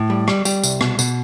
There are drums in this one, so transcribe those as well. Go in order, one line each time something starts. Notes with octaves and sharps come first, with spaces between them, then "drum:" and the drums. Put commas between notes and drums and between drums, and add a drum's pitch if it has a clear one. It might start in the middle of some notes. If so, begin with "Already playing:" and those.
Already playing: A2
G3
G3, drum: rim click
G3, drum: tambourine
C2, drum: tambourine
B2, drum: rim click
B2, drum: tambourine